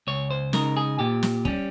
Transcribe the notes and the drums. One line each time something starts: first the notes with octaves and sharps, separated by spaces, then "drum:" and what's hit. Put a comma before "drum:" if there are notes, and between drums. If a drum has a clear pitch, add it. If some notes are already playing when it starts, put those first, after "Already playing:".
C#2 C#5
C5
C#3 G#3 D#4 A#4, drum: snare
G#4
A#2 G4
drum: snare
G3 C#4, drum: kick